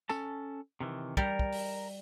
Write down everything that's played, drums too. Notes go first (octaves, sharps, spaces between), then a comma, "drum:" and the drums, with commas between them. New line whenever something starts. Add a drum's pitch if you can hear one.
C#4 A4 A5, drum: tambourine
C3 D#3 E3
G3 A#4, drum: kick
drum: kick
drum: open hi-hat